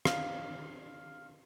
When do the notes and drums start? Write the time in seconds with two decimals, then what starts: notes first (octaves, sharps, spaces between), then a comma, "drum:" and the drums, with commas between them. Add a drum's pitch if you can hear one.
0.05 F5, drum: rim click